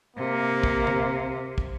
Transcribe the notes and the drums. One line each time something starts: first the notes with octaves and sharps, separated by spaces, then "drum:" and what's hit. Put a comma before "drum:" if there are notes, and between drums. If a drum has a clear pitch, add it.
C3 A#3
drum: kick
drum: tom
drum: kick